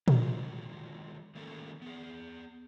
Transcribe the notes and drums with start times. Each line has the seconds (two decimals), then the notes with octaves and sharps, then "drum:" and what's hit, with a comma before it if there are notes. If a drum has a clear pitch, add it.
0.08 D3 D#3 F3 F#3 G#3, drum: tom A#2
1.35 D#3 F3 A3 A#3 C#4 A4
1.82 B3 G#4